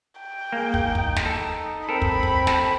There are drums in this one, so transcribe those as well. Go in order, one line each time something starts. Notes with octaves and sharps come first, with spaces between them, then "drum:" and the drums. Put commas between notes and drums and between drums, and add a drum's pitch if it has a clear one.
G5
A#3 G#4
drum: kick
D#4
drum: kick
drum: snare
A4
C4 A4 A#4 B5
drum: kick
drum: kick
A4, drum: snare